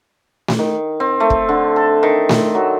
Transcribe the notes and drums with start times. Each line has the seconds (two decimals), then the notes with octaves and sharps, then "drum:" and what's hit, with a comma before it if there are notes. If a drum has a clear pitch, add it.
0.48 drum: snare A3
0.59 D#3
1.00 C4
1.20 A3
1.30 drum: kick
1.49 D3
1.76 A4
2.03 D#3
2.29 drum: snare A3
2.55 F#3